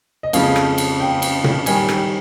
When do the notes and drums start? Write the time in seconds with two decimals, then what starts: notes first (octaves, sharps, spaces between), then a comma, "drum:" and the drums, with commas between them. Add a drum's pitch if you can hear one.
0.23 D#5
0.33 F2 C#3 F3 G#3 F5, drum: cymbal
0.56 drum: rim click
0.78 drum: cymbal
1.00 G5
1.22 drum: cymbal
1.44 drum: tom A#2
1.66 D#3 G3 G#5, drum: cymbal
1.89 drum: rim click